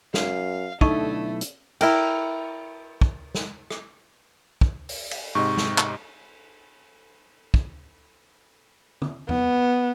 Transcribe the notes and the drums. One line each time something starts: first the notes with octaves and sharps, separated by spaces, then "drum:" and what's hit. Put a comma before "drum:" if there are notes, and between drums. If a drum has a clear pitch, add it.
F#2 F5, drum: snare
B1 D3 A3 D#4 E4 D#5 C#6, drum: kick
drum: hi-hat
E4 A#4 G5, drum: cymbal
drum: kick
drum: snare
drum: rim click
drum: kick
drum: open hi-hat
drum: cymbal
G#2 C3 D#5 C#6
drum: snare
drum: clap
drum: kick
drum: tom D3
B3, drum: tom E2